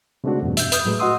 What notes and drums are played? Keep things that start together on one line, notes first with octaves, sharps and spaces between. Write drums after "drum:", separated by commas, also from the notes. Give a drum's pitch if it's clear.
C#3 G#3 A3 C4 D4 F#4
E2 G2 B2
E5 G6, drum: hi-hat
B4 D#6 G6, drum: hi-hat
A2 F#3 G#3 A3
F#4 D#5 F#5 C6 D#6 E6